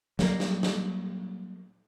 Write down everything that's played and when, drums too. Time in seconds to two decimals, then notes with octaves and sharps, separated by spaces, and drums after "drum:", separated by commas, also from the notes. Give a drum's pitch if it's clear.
0.19 F#3 G3 A#3, drum: snare
0.40 drum: snare
0.63 drum: snare